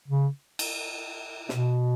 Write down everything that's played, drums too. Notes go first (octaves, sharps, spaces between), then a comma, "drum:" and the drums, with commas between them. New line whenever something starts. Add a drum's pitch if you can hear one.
C#3
drum: cymbal
B2, drum: snare